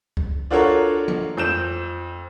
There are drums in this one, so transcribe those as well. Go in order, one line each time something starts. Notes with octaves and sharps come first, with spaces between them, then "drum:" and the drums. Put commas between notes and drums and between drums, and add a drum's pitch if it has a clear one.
drum: kick C#2
D4 F4 F#4 A4 A#4 C#5
drum: tom E3
F2 G6 E7